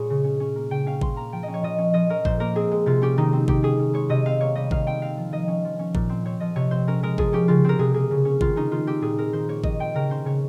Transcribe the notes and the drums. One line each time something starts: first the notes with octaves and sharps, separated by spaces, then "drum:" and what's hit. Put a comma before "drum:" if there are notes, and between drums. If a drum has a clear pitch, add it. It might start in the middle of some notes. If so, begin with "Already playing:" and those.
Already playing: A#2 G#3 G#4 C#5
C#3
C#4
C#4
A#3
C#3 G5
C#4 F5
C#4 C6, drum: kick G#1
A#3 A#5
F3 G5
D#5
C#4
C#5
F3 D#5
C#4
F3 D#5
C#4 A#4
A#2 C5, drum: kick G#1
A#3 A#4
C4 G#4
G#3
C3 F4
C#4 G4
D#3 D#4
C4
D#3 G4, drum: kick G#1
C#4 G#4
C#4
G#3 C#5
C3 D#5
C4 F5
A#3 C#5
G3 D#5
D#3 F5, drum: kick G#1
C4 G5
C4 F5
F3
D#3 D#5
C#4
F3
C#4
A#2, drum: kick G#1
C4
C4 C#5
F3 D#5
C3 C#5
C4 C5
C#4 A#4
G#3 A#4
F3 G#4, drum: kick G#1
C#4 G4
C#3 F4
C4 A#4
C3 G#4
A#3 G#4
C#3
C#4
D#3 F4, drum: kick G#1
C#4 D#4
D#3 F4
C4 G4
A#2 G#4
C4 A#4
D#3 C5
A#3 C#5
D#3 D#5, drum: kick G#1
C4 G5
C#3 A#4
C#4 C5
C#3 C#5